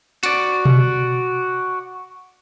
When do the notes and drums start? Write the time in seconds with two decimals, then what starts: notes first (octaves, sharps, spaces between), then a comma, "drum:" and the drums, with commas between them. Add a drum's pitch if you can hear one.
0.23 F#4 D5, drum: hi-hat
0.65 drum: tom B2